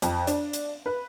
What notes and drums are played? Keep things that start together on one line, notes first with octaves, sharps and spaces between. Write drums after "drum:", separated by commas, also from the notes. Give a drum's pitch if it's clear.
F2, drum: hi-hat
D4, drum: hi-hat
drum: hi-hat
B4